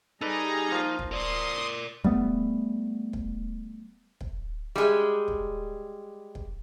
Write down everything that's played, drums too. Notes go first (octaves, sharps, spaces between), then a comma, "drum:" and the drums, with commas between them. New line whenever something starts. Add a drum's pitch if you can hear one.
G3 D#4 G#4 A4 B4 D5 A#5
F3 A#3 F4
drum: kick
A#4 D5 C6 D#6
G3 A3 B3, drum: kick
drum: kick
drum: kick
G3 G#3
drum: kick
drum: kick